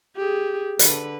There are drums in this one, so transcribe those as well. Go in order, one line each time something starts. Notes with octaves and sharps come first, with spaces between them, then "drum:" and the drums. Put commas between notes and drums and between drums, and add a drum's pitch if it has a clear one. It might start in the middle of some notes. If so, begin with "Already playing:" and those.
G4 G#4
D3 B4, drum: hi-hat